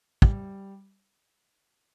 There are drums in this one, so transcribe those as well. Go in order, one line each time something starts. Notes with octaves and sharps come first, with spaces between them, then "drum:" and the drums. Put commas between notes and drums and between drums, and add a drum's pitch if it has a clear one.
G3, drum: kick